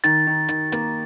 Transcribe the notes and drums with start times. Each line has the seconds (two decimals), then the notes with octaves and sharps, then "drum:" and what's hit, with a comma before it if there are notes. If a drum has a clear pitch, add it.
0.04 D#3 A6, drum: hi-hat
0.27 D#3
0.48 D#3, drum: hi-hat
0.72 A#3, drum: hi-hat